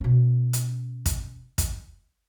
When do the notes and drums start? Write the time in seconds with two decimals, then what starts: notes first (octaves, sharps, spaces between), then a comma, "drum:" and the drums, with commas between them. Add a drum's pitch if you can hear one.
0.01 B2 C#4
0.53 drum: hi-hat
1.06 drum: kick, hi-hat
1.58 drum: kick, hi-hat